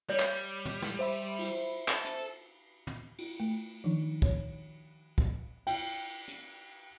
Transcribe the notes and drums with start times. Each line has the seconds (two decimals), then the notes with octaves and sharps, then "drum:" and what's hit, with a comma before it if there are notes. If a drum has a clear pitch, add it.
0.10 G3 C#5
0.20 drum: clap
0.66 drum: tom
0.82 drum: snare
0.99 C5 E5 B5, drum: open hi-hat
1.39 drum: cymbal
1.88 A4, drum: clap
2.05 drum: hi-hat
2.87 drum: tom
3.18 drum: cymbal
3.40 A3
3.84 D#3 F3 D4 D#4
4.22 C#5, drum: kick
5.18 drum: kick
5.67 G5, drum: cymbal
6.28 drum: hi-hat